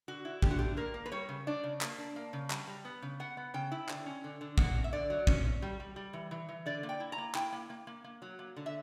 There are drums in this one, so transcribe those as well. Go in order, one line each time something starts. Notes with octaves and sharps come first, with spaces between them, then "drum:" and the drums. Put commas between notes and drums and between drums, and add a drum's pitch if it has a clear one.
D3 F#4
E4
D3 G4, drum: kick
F#4
D3 G4
A#3 A#4
A#3
B4
G3 C#5
C#3
D4 D5
C#3
A#3, drum: clap
D4
A#3
C#3
G3, drum: clap
G3
B3
C#3
B3 F#5
B3
C#3 G5
E4
D3, drum: clap
C#4
D3
D3
A#3 F#5, drum: kick
C#4
E5
D3 D5
F#3
C#4, drum: kick
C#4
G3
G3
G3
E3
E3
E3
D3 D5
A#3
G5
E4
A#5
A#3
E4 G5, drum: clap
A#3
A#3
A#3
A#3
F#3
A#3
D3
E5